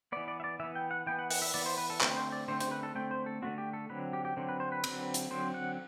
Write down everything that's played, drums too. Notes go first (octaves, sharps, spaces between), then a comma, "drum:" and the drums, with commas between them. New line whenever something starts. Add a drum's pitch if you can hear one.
E3 B3 D5
D5
E5
D5
E3 B3 E5
G5
F#5
E3 B3 G5
F#5
F#5, drum: open hi-hat
E5
E3 B3 D5
C5
B4
A4
D3 A3 C4 B4, drum: clap
C5
D5
D3 A3 C4 C5
C5, drum: hi-hat
B4
A4
D3 A3 C4 G5
C5
A4
D3 A3 C4 F#4
G4
A4
D3 F#3 C4 B4
G4
G4
D3 F#3 C4
B4
C5
B4
D3 F#3 C4, drum: cymbal
drum: hi-hat
D3 F#3 C4 C5
F#5